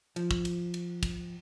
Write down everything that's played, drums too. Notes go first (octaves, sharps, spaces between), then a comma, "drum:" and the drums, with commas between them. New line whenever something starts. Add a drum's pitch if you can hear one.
F3, drum: cymbal
drum: kick
drum: cymbal
drum: cymbal
drum: kick, cymbal